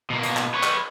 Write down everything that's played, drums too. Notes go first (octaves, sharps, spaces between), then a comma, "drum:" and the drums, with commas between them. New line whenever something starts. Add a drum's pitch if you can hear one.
B2 A#3
drum: hi-hat
drum: clap
B4 C#5
drum: clap